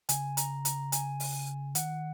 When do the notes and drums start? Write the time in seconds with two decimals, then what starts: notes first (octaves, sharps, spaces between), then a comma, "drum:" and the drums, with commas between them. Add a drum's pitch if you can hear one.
0.09 C#3 G#5, drum: hi-hat
0.37 A#5, drum: hi-hat
0.65 A#5, drum: hi-hat
0.92 G#5, drum: hi-hat
1.20 drum: open hi-hat
1.75 D#3 F#5, drum: hi-hat